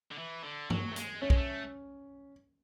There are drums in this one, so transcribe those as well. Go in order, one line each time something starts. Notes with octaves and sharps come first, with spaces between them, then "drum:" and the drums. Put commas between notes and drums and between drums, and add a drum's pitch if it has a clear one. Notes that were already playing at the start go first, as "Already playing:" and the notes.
D3
E3
D3
F#3, drum: tom G2
A3
G#3, drum: hi-hat
A3 C#4
G#3, drum: kick
A3